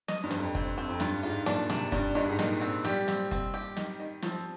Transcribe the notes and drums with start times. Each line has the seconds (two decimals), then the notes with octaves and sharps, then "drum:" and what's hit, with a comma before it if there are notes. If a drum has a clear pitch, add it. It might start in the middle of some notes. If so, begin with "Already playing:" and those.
0.08 D#5, drum: snare
0.24 G2
0.31 C5, drum: snare
0.39 F2
0.55 C4, drum: kick F#1
0.78 C4
0.89 F2
1.00 G2 F4, drum: snare
1.23 G#2 F4
1.46 A#2 D4, drum: snare
1.70 C3 D4, drum: snare
1.92 G2 G3, drum: kick F#1
2.15 G2 D#3
2.28 G#2
2.39 A#2 D#3, drum: snare
2.61 C4
2.85 G3 G4, drum: snare
3.08 C4, drum: snare
3.31 C4, drum: kick F#1
3.54 G4
3.77 D#3, drum: snare
4.00 D#3
4.22 F3 C4, drum: snare